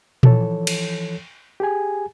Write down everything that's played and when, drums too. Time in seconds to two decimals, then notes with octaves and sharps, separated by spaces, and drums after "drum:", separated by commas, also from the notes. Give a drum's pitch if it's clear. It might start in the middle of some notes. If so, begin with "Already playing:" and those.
0.23 E3 F3 A4 C#5, drum: tom A#2
0.67 drum: cymbal
1.60 G4 G#4 G#5